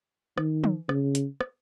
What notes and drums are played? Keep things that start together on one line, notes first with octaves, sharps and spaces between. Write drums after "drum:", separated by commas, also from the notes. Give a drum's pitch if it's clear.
D#3, drum: rim click
drum: tom
C#3, drum: rim click
drum: hi-hat
drum: rim click